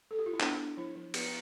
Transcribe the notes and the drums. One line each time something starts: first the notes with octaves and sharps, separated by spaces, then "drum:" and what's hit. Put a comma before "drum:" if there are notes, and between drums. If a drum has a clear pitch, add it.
A4
G4
F4
E4
B3 D4, drum: clap
D4
F3 E4
F3
B3, drum: cymbal